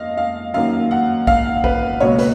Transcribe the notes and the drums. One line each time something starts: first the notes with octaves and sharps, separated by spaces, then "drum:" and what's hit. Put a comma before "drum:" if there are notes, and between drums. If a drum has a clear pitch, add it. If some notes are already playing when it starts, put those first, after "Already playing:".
Already playing: F2 A#3 D#5 F5
F5
F#2 D#3 F#3 A#3 F5
F#5
F5, drum: kick A#1
B4, drum: kick A#1
C#2 B2 F#3 A#3 C#5
B4, drum: hi-hat